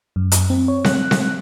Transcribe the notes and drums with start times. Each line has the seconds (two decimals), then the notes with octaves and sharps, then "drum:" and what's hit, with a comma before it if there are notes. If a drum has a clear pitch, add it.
0.16 F#2
0.32 drum: hi-hat
0.50 C4
0.68 C#5
0.84 F#6, drum: snare C4
1.11 drum: snare C4